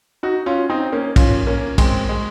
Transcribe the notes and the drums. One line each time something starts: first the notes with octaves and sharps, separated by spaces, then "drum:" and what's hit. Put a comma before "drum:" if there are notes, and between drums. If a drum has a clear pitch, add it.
D#4 F#4
C#4 F4
C4 D#4
A#3 C#4
C#4 F4, drum: kick, cymbal
A#3 C#4
G#3 C4, drum: kick, cymbal
G#3